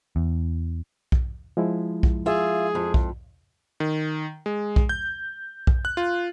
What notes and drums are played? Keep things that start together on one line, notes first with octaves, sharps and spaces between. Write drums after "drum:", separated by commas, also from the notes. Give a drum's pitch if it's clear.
E2
drum: kick B1
F3 G#3 E4
drum: kick B1
F4 G#4 E5
F2
drum: kick B1
D#3
G#3
drum: kick B1
G6
drum: kick B1
F#6
F4